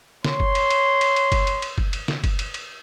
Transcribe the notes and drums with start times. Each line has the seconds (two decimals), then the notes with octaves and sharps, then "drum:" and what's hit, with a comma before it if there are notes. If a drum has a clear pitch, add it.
0.24 C#5 C6, drum: snare
0.40 drum: kick F#1
0.55 drum: cymbal
0.70 drum: cymbal
1.01 drum: cymbal
1.16 drum: cymbal
1.32 drum: kick F#1, cymbal
1.47 drum: cymbal
1.62 drum: cymbal
1.78 drum: kick F#1
1.93 drum: cymbal
2.08 drum: snare
2.24 drum: kick F#1, cymbal
2.39 drum: cymbal
2.54 drum: cymbal